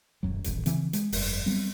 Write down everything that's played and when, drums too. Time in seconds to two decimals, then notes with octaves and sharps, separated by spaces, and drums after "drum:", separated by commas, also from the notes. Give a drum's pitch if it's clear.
0.23 D#1 F#2 F#3
0.44 D#1 A1, drum: hi-hat
0.66 C#3 E3 C4, drum: hi-hat
0.93 G#3, drum: hi-hat
1.12 F1 G2, drum: open hi-hat
1.46 F#3 G3 B3 C4